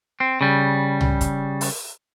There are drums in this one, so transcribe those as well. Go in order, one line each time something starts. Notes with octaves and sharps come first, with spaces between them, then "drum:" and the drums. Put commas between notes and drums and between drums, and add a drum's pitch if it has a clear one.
C4
C#3 G3
drum: tom
drum: kick, hi-hat
drum: open hi-hat